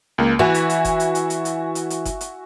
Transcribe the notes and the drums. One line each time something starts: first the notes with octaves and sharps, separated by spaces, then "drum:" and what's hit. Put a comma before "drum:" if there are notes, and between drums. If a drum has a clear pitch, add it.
C#2 A#3
E3 F#4 E5 G#5
drum: hi-hat
drum: hi-hat
drum: kick F#1, hi-hat
drum: hi-hat
drum: hi-hat
drum: hi-hat
drum: hi-hat
drum: hi-hat
drum: hi-hat
drum: kick F#1, hi-hat
drum: hi-hat